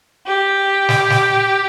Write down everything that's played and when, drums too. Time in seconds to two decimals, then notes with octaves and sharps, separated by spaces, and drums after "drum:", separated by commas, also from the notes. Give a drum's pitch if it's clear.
0.27 G4
0.89 drum: snare
1.10 drum: snare